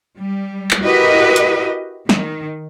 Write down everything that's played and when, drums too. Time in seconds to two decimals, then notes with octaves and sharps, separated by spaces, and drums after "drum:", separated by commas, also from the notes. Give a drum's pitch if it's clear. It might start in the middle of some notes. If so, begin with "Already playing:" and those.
0.18 G3
0.71 drum: clap
0.82 E4 F#4 G4 A#4 B4 D#5
1.36 drum: hi-hat
2.09 D#3, drum: snare